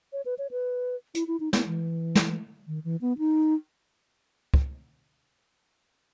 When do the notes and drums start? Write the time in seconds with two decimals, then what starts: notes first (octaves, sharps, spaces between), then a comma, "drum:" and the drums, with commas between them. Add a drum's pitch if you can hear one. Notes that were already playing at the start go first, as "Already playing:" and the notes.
0.13 C#5
0.26 B4
0.38 C#5
0.51 B4
1.15 E4, drum: hi-hat
1.28 E4
1.40 D#4
1.53 B3, drum: snare
1.66 E3
2.15 drum: snare
2.67 D#3
2.84 E3
3.01 B3
3.18 D#4
4.54 drum: kick